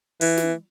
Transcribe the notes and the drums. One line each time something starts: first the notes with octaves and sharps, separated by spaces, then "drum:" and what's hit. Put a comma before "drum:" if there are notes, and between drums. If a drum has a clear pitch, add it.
E3, drum: open hi-hat
drum: snare